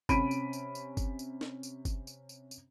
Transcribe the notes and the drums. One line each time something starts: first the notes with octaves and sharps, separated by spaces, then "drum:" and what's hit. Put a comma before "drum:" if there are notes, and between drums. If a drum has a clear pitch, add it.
C3 C#4 B5 D7 D#7, drum: kick G1, tambourine
drum: tambourine
drum: tambourine
drum: tambourine
drum: kick G1, tambourine
drum: tambourine
drum: snare
drum: tambourine
drum: kick G1, tambourine
drum: tambourine
drum: tambourine
drum: tambourine